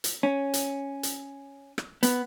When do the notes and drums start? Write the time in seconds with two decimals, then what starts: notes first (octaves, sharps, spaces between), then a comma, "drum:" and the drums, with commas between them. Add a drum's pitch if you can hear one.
0.04 drum: hi-hat
0.23 C#4
0.54 drum: hi-hat
1.03 drum: hi-hat
1.78 drum: rim click
2.03 B3, drum: hi-hat